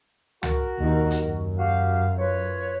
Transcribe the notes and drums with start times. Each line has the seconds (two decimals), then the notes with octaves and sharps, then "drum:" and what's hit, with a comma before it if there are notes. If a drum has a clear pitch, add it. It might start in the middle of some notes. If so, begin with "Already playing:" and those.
0.43 F#4 A#4, drum: tom
0.79 D#2 D#4
1.11 drum: hi-hat
1.22 F#2
1.59 F#4 G4 F5
2.18 F4 B4 C#5